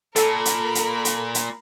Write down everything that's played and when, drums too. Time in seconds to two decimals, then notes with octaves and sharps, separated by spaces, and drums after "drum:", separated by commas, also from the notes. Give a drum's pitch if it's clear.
0.16 A#2 A4 A#4 B5, drum: hi-hat
0.45 drum: hi-hat
0.75 drum: hi-hat
1.05 drum: hi-hat
1.35 drum: hi-hat